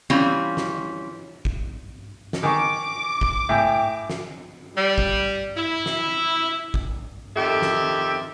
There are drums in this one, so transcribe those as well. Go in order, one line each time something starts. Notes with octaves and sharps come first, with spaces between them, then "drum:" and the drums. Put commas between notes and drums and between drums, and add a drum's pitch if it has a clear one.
E3 G3 C4 C#4 F4 C#5
drum: snare
drum: kick
drum: snare
D#3 G#5 C#6 D6
drum: kick
A2 E5 G5 G#5 G6
drum: snare
G3
drum: kick
E4
drum: snare
drum: kick
F2 D#3 G4 A4 E5
drum: snare